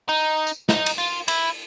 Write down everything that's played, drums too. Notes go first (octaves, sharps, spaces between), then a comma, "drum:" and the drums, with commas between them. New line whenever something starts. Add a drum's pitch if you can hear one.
D#4
drum: tambourine
D#4, drum: snare
drum: cymbal
F4
E4, drum: cymbal